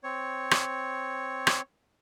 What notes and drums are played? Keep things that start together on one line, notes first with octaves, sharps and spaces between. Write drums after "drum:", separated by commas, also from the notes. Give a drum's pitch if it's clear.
C4 C#5
drum: rim click
drum: rim click